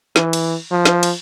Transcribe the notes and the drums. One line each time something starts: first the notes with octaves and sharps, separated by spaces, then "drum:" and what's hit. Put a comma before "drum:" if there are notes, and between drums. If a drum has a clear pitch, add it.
E3, drum: snare
drum: cymbal
F3
drum: snare
drum: cymbal